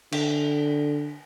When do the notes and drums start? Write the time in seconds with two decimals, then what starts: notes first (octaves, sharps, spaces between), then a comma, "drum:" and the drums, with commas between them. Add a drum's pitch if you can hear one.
0.12 D3, drum: cymbal